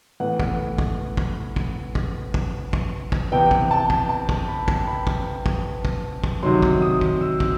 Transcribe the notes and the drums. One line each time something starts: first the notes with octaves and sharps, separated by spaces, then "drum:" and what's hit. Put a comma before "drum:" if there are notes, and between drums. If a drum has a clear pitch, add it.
A2 E3 B3 F#5
drum: kick
drum: kick
drum: kick
drum: kick
drum: kick
drum: kick
drum: kick
drum: kick
C3 E3 B3 G5
drum: kick
A5
drum: kick
A5
drum: kick
B5
drum: kick
B5
drum: kick
drum: kick
drum: kick
drum: kick
C3 D#3 F#3 C6
drum: kick
D#6
drum: kick
E6
drum: kick